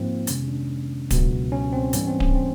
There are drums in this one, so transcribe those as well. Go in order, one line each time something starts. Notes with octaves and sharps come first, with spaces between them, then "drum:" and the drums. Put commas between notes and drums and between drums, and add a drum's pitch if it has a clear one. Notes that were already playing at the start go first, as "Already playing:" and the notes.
Already playing: G#2 F3 A#3 C4
F2 C3 D#3 G#3 B3 C#4, drum: hi-hat
D4
C#2 B2 F#3 B3, drum: kick D1, hi-hat
C#4
C4
G#2 E3 G3 B3 C#4, drum: hi-hat
C4
C#4, drum: kick D1
C4